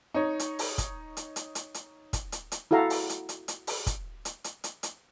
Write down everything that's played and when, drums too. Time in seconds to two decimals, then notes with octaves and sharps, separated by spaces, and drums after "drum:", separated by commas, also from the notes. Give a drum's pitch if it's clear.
0.14 D#4 C#5
0.39 drum: hi-hat
0.59 drum: open hi-hat
0.78 drum: kick, hi-hat
1.17 drum: hi-hat
1.36 drum: hi-hat
1.55 drum: hi-hat
1.74 drum: hi-hat
2.13 drum: kick, hi-hat
2.32 drum: hi-hat
2.52 drum: hi-hat
2.71 E4 F#4 A4 F5 A#5
2.90 drum: open hi-hat
3.09 drum: hi-hat
3.29 drum: hi-hat
3.48 drum: hi-hat
3.67 drum: open hi-hat
3.87 drum: kick, hi-hat
4.25 drum: hi-hat
4.44 drum: hi-hat
4.64 drum: hi-hat
4.83 drum: hi-hat